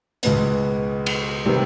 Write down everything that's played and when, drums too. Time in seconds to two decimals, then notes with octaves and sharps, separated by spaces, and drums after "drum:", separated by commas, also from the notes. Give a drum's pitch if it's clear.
0.23 C#2 B2 G#3 B3, drum: hi-hat
1.06 drum: cymbal
1.46 C3 D#3 G3 B3